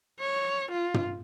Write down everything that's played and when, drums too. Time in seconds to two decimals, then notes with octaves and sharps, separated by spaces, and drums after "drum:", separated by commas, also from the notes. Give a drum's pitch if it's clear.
0.20 C#5
0.71 F4
0.94 drum: tom